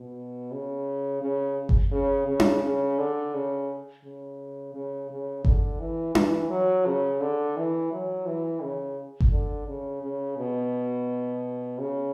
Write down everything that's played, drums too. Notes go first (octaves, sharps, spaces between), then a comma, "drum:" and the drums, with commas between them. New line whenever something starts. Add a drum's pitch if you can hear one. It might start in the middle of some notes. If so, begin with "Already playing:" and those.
Already playing: B2
C#3
C#3
drum: kick G1
C#3
C#3
drum: tom D4
C#3
D3
C#3
C#3
C#3
C#3
D3, drum: kick G1
E3
E3, drum: tom D4
F#3
C#3
D3
E3
F#3
E3
C#3
drum: kick G1
D3
C#3
C#3
B2
C#3